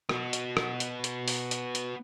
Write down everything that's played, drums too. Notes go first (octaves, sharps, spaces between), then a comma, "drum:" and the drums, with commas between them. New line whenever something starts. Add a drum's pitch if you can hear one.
B3 F#4, drum: rim click
drum: hi-hat
drum: rim click
drum: hi-hat
drum: hi-hat
drum: open hi-hat
drum: hi-hat
drum: hi-hat